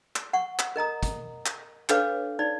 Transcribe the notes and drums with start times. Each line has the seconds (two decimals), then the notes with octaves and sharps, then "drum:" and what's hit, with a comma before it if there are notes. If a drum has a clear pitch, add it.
0.16 drum: clap
0.33 F#5 C#6
0.59 drum: clap
0.76 A#4 D#5 A#5 D#6
1.03 drum: kick, hi-hat
1.46 drum: clap
1.89 D4 A4 B4 C#5 F5 D6, drum: clap
2.39 D#4 D5